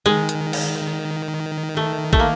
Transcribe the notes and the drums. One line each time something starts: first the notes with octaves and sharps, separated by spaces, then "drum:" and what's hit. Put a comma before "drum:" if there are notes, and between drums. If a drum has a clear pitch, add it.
D#3 G#3
drum: hi-hat
drum: cymbal
A3
A3, drum: kick
A#3